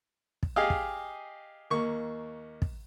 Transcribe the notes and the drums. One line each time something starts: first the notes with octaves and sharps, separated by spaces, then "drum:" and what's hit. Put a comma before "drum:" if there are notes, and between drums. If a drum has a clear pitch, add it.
drum: kick
G4 G#4 D#5 F5
drum: kick
D#2 A#3 C#6
drum: kick